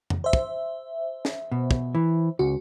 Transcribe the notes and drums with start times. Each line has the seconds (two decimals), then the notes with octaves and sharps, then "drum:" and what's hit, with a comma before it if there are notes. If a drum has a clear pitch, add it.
0.10 drum: tom F2
0.24 C5 E5
0.33 drum: kick
1.25 drum: snare
1.52 B2
1.71 drum: kick
1.95 E3
2.39 C#2 F#4